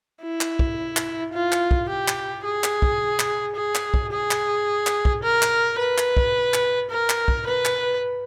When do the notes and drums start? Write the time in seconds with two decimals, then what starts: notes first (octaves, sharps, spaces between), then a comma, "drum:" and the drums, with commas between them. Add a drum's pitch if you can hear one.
0.22 E4
0.41 drum: clap
0.59 drum: kick
0.97 drum: clap
1.34 F4
1.52 drum: clap
1.71 drum: kick
1.89 G4
2.08 drum: clap
2.45 G#4
2.64 drum: clap
2.82 drum: kick
3.19 drum: clap
3.56 G#4
3.75 drum: clap
3.94 drum: kick
4.12 G#4
4.31 drum: clap
4.87 drum: clap
5.05 drum: kick
5.23 A#4
5.42 drum: clap
5.79 B4
5.98 drum: clap
6.17 drum: kick
6.54 drum: clap
6.91 A#4
7.10 drum: clap
7.28 drum: kick
7.47 B4
7.65 drum: clap